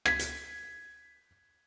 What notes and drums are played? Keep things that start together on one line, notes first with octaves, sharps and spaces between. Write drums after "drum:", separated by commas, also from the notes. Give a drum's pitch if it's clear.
G#6 B6, drum: rim click
drum: hi-hat